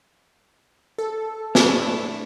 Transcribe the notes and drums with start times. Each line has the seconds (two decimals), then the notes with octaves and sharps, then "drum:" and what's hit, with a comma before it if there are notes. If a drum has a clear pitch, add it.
0.98 A4
1.55 A3 D4 E4, drum: snare